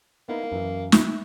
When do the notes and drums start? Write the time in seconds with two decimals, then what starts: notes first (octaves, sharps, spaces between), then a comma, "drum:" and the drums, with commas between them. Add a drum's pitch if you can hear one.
0.29 A#3 B3 D#4 E4
0.52 F#2 E3
0.92 E4, drum: snare